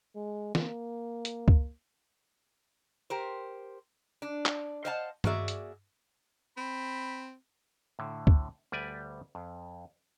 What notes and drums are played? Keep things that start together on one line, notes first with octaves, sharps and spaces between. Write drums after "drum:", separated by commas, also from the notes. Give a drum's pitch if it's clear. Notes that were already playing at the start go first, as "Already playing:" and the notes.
G#3
A#3, drum: snare
drum: hi-hat
drum: kick
G4 A#4 C5
D4
drum: clap
C5 D#5 F5 F#5 A5
A#3 F#4 G#4 D5 E5, drum: tom G2
drum: hi-hat
C4 B5
A2 D3
drum: kick
D2 G3 B4 D5 G#5
F2